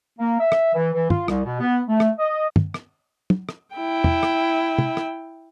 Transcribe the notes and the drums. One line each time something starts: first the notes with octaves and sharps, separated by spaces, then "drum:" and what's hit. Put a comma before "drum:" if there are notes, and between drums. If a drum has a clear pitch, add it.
A#3
E5
drum: rim click
E3
E3
F4, drum: tom
C2, drum: rim click
B2
B3
A3
drum: rim click
D#5
drum: tom
drum: rim click
drum: tom
drum: rim click
E4 G5
drum: tom
drum: rim click
drum: tom
drum: rim click